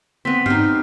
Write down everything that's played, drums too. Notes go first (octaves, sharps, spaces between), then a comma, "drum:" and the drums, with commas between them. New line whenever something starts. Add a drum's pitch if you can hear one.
B3 C4 C6 B6
D#4 G4 F6 C7, drum: tom G2
F6